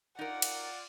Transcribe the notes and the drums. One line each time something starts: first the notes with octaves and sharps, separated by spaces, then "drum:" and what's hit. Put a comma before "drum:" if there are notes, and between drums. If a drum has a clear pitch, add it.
D#4 F4 A#4 D5 F#5
drum: cymbal